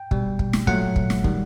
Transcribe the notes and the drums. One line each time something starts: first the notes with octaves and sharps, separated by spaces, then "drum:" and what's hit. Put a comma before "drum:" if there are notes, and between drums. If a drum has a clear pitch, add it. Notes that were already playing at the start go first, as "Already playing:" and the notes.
Already playing: G5
B2 G3, drum: kick
drum: kick
drum: snare
A#2 F#3 A3 F#5, drum: kick
drum: kick
drum: snare
D#3 G3, drum: kick